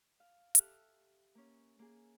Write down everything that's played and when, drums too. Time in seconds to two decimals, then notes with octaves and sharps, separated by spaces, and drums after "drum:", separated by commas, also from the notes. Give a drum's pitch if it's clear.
0.20 F5
0.55 G4 A4 E5 F6 F#6, drum: hi-hat
1.35 A#3 C#4
1.79 A#3 G#4